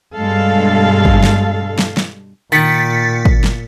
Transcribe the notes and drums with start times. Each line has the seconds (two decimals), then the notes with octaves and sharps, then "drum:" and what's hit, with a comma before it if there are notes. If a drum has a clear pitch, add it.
0.16 G2 B2 G3 G#3 A4 F5
1.05 drum: kick
1.23 drum: snare
1.79 drum: snare
1.97 drum: snare
2.52 A#2 D#3 A6 B6 C#7
3.25 drum: kick
3.44 drum: snare